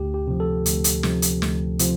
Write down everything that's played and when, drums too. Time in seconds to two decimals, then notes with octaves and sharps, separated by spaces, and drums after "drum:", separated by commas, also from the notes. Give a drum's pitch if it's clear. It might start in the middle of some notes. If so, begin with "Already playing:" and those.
Already playing: D2 G4
0.14 G4
0.27 C3 F3
0.40 A4
0.66 D2, drum: hi-hat
0.84 drum: hi-hat
1.03 C3 F3, drum: snare
1.22 drum: hi-hat
1.42 D2, drum: snare
1.79 C3 F3, drum: hi-hat